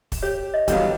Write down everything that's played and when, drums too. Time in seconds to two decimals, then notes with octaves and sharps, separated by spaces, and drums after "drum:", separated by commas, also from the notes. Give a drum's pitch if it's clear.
0.12 drum: kick, open hi-hat
0.23 G4 C#5
0.54 D#5
0.68 E2 D3 E3 F#3 G3 B3 F5, drum: kick, hi-hat